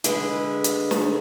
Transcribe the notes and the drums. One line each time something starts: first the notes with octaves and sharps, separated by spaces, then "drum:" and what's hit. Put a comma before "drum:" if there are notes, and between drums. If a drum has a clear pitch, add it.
D3 G#3 B4, drum: hi-hat
drum: hi-hat
drum: snare